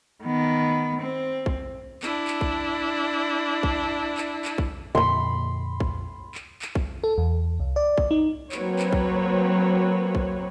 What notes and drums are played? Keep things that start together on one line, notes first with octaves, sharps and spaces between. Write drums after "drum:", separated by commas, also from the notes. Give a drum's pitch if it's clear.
D#3 B3
C4
drum: kick A#1
D4 E4, drum: clap
drum: clap
drum: kick A#1
drum: kick A#1
drum: clap
drum: clap
drum: kick A#1
F2 A#2 D3 B5 C6
drum: kick A#1
drum: clap
drum: clap
drum: kick A#1
A4
E2
C2
D5
drum: kick A#1
D#4
F#3 A#3 C4 F#4 B4 C#5, drum: clap
drum: clap
drum: kick A#1
drum: kick A#1